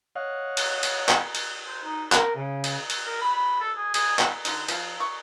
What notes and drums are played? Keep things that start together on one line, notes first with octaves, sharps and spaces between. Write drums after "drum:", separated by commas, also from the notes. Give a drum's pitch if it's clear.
C#5 D#5 F5 F#5
drum: cymbal
drum: cymbal
drum: clap
drum: cymbal
C5
D#4
A#4, drum: clap
C#3
drum: cymbal
drum: cymbal
A#4
B5
B5
A4
G#4
G#4, drum: cymbal
drum: clap
D3 D#4, drum: cymbal
F3 F4, drum: cymbal
C#6